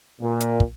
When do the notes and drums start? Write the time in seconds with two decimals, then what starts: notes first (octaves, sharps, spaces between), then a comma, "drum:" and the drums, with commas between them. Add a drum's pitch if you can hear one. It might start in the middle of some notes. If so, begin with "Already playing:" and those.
0.21 A#2
0.40 drum: hi-hat
0.60 drum: kick